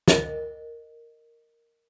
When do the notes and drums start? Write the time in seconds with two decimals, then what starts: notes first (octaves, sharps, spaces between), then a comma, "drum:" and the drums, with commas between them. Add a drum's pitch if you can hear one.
0.08 A#4 D#5, drum: snare